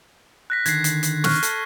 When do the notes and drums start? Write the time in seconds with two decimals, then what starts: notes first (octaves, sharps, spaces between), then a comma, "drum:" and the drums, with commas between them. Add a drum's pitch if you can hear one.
0.50 F#6 A#6 B6
0.66 D3 D#3 G#6 C7, drum: hi-hat
0.84 drum: hi-hat
1.03 drum: hi-hat
1.24 C#6 F6 F#6, drum: snare
1.43 A4, drum: hi-hat